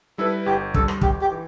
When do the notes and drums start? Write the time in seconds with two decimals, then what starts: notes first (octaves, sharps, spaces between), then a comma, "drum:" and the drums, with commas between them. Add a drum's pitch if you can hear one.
0.18 G3 E4 A4 B4
0.46 G1 G4
0.74 G2 G3 D4 A4, drum: kick
0.88 drum: rim click
1.01 G1 G4, drum: kick
1.21 G4
1.32 E3